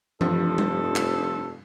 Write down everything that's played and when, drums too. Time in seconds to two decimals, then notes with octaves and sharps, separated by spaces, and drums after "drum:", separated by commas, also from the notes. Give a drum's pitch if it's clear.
0.21 F1 G2 F3 A4, drum: tom E3
0.58 drum: tom G3
0.96 drum: clap